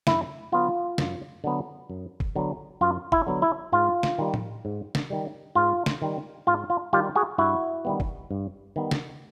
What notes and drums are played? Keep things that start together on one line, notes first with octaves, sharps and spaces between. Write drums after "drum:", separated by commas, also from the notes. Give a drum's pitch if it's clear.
F#2 E4, drum: snare
D3 F#3 B3 F4
F#2, drum: snare
D3 F#3 B3
F#2
drum: kick
D3 F#3 B3
F#2 F4
E4, drum: kick
D3 F#3 B3
E4
G#2 F4
drum: snare
D#3 G3
drum: tom A2
G#2
drum: snare
D#3 G3
G#2 F4
drum: snare
D#3 G3
G#2 F4
F4
D#3 G3 F4 G4
F#4 G#4
G2 E4 F#4
D#3 G3 B3
drum: kick
G2
D#3 G3 B3
drum: snare